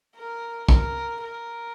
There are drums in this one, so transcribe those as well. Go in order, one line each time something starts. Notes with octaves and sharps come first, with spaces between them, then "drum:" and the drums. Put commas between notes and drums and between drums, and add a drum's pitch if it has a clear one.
A#4
A#4, drum: kick
A#4